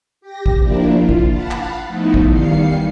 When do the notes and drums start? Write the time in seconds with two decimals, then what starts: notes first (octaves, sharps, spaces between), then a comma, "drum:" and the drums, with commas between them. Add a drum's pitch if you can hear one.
0.21 G4 A#6
0.46 drum: kick
0.61 F3 A#3 D4 E4
0.93 F4
1.09 drum: kick
1.30 F5 F#5 A5 B5
1.51 drum: clap
1.87 F3 A3 B3 D#4 E4
2.14 drum: kick
2.31 E2 D#3 G3 F5 C7 C#7